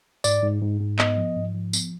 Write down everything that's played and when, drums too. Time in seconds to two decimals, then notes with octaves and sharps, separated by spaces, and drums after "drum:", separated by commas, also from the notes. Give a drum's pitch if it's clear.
0.24 G#2 D5, drum: tambourine
0.43 G#2
0.62 G#2
0.80 G#2
0.99 B3 D#5, drum: clap
1.17 F3
1.36 G#2
1.55 F3
1.73 B3, drum: tambourine